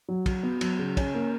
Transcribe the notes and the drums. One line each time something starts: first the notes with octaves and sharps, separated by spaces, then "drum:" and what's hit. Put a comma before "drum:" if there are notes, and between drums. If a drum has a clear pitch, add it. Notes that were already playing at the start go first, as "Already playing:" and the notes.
F#3
F#4, drum: kick, cymbal
B3
F#3, drum: cymbal
C#3
C#4, drum: kick, cymbal
A#3